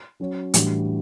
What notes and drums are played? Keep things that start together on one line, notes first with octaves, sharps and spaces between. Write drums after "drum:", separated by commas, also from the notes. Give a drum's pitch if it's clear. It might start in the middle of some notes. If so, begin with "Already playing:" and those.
F#3 C#4 F#4 C#5
A2 E3 G3 D4 F#4, drum: hi-hat